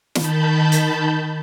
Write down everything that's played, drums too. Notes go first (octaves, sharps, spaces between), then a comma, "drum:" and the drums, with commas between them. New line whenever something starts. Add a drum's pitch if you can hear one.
D#3 A5 B5 G6, drum: snare
drum: hi-hat